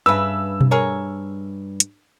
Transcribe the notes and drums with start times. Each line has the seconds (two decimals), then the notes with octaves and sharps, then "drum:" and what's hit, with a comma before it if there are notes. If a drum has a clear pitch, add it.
0.06 G2 C#3 B4 E5 E6
0.61 drum: tom B2
0.71 G#4 A#4 C#5
1.80 drum: hi-hat